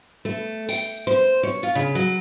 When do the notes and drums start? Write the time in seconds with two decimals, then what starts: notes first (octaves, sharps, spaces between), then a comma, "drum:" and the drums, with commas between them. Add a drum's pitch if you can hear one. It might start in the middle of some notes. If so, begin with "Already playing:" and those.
0.25 A3
0.69 G5, drum: tambourine
1.07 C5
1.43 C#5
1.63 F4
1.75 C#3
1.95 F#3